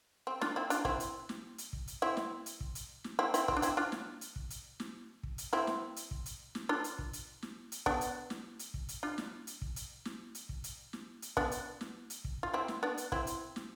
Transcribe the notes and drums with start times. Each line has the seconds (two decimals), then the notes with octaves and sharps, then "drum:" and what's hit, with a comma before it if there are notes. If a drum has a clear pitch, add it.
0.27 C4
0.41 D4 F4, drum: snare
0.56 C4 E4
0.70 D4 F4, drum: hi-hat
0.85 C4 E4, drum: kick
1.00 drum: hi-hat
1.29 drum: snare
1.58 drum: hi-hat
1.73 drum: kick
1.87 drum: hi-hat
2.02 C4 E4
2.17 drum: snare
2.46 drum: hi-hat
2.61 drum: kick
2.75 drum: hi-hat
3.04 drum: snare
3.19 C4 E4
3.34 C4 E4, drum: hi-hat
3.48 C4, drum: kick
3.57 D4
3.62 C4 E4, drum: hi-hat
3.77 D4 F4
3.92 drum: snare
4.21 drum: hi-hat
4.36 drum: kick
4.50 drum: hi-hat
4.80 drum: snare
5.23 drum: kick
5.38 drum: hi-hat
5.53 C4 E4
5.67 drum: snare
5.96 drum: hi-hat
6.11 drum: kick
6.26 drum: hi-hat
6.55 drum: snare
6.69 D4 F4
6.84 drum: hi-hat
6.99 drum: kick
7.13 drum: hi-hat
7.43 drum: snare
7.72 drum: hi-hat
7.86 B3 D4, drum: kick
8.01 drum: hi-hat
8.30 drum: snare
8.59 drum: hi-hat
8.74 drum: kick
8.89 drum: hi-hat
9.03 D4 F4
9.18 drum: snare
9.47 drum: hi-hat
9.62 drum: kick
9.76 drum: hi-hat
10.05 drum: snare
10.35 drum: hi-hat
10.49 drum: kick
10.64 drum: hi-hat
10.93 drum: snare
11.22 drum: hi-hat
11.37 B3 D4, drum: kick
11.51 drum: hi-hat
11.81 drum: snare
12.10 drum: hi-hat
12.24 drum: kick
12.43 F4
12.53 C4 E4
12.68 drum: snare
12.83 B3 D4
12.98 drum: hi-hat
13.12 C4 E4, drum: kick
13.27 drum: hi-hat
13.56 drum: snare